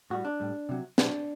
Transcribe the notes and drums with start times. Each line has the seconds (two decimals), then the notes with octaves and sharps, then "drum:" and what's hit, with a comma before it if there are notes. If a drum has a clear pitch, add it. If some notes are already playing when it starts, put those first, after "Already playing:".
0.10 A2 G3 F#4
0.25 D4
0.40 A2 G3
0.69 C3 F#3
0.98 B2 F#3 D4, drum: snare